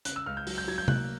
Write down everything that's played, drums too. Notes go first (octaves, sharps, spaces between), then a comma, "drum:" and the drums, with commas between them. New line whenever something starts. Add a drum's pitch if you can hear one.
C#3 F#6, drum: hi-hat
E6
C#2 F6
G6
F#3, drum: open hi-hat
G6
F#3 G#6
G6
A#3 F#6, drum: tom C3